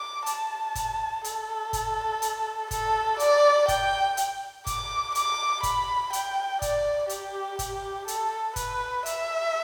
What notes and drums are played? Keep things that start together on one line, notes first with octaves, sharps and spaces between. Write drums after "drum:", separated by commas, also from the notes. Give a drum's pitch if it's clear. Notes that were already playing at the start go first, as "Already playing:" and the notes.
Already playing: D6
A5, drum: hi-hat
drum: kick, hi-hat
A4, drum: hi-hat
drum: kick, hi-hat
drum: hi-hat
A4, drum: kick, hi-hat
D5, drum: hi-hat
G5, drum: kick, hi-hat
drum: hi-hat
D6, drum: kick, hi-hat
D6, drum: hi-hat
B5, drum: kick, hi-hat
G5, drum: hi-hat
D5, drum: kick, hi-hat
G4, drum: hi-hat
drum: kick, hi-hat
A4, drum: hi-hat
B4, drum: kick, hi-hat
E5, drum: hi-hat